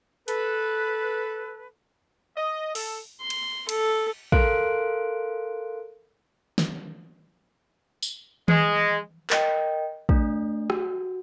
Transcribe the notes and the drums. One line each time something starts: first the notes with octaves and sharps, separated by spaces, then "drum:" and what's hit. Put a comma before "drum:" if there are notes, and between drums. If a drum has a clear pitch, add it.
A4 B4, drum: hi-hat
D#5
A4, drum: open hi-hat
C6
drum: cymbal
A4, drum: cymbal
A4 A#4 F5 C6 F#6 D7, drum: kick
drum: snare
drum: tambourine
G#3, drum: tom D#3
A#4 D#5 G5, drum: clap
A3 D4, drum: kick
F#4, drum: rim click